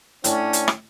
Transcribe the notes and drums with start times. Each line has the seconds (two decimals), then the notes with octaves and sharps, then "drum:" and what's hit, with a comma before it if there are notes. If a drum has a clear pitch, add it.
0.24 A2 C#4 D4, drum: hi-hat
0.53 drum: hi-hat
0.68 drum: rim click